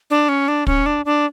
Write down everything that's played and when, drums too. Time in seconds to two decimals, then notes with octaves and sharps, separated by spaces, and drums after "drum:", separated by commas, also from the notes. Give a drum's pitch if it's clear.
0.10 D4
0.29 C#4
0.48 D4
0.67 C#4, drum: kick
0.86 D4
1.05 D4